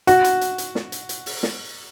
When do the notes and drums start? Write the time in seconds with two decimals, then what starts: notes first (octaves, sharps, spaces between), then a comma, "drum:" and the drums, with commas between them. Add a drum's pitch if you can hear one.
0.07 F#4, drum: hi-hat
0.24 drum: hi-hat
0.41 drum: hi-hat
0.58 drum: hi-hat
0.75 drum: snare
0.92 drum: hi-hat
1.09 drum: hi-hat
1.26 drum: open hi-hat
1.43 drum: snare